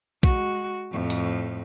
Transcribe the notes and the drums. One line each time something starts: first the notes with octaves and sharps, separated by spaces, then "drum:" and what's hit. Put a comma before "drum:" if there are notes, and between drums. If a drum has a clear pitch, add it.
G#3 F#4, drum: kick B1
F2 A2
drum: hi-hat